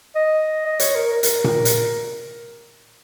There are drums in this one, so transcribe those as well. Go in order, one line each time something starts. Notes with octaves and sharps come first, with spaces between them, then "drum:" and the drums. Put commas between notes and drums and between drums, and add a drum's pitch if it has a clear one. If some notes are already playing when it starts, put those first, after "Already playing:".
D#5
D#5
C#5, drum: hi-hat
A#4
A#4
drum: hi-hat
drum: tom A#2
drum: hi-hat